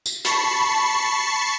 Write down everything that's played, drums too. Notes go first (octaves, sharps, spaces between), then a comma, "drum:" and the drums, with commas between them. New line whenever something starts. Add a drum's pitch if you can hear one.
drum: tambourine
A5 B5 C#6 C7, drum: hi-hat